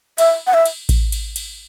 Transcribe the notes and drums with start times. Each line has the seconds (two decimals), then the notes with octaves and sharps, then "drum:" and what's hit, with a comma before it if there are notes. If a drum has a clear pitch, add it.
0.18 E5, drum: cymbal
0.47 F#5
0.54 E5
0.66 drum: cymbal
0.89 drum: kick A1, cymbal
1.12 drum: cymbal
1.36 drum: cymbal